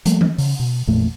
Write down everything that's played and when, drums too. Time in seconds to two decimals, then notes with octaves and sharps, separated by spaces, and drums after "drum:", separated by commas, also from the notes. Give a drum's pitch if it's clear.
0.05 F3 G3 A3 A#3, drum: hi-hat
0.21 drum: tom E3
0.38 C#3, drum: open hi-hat
0.59 B2
0.87 A1 F2 A#2 A3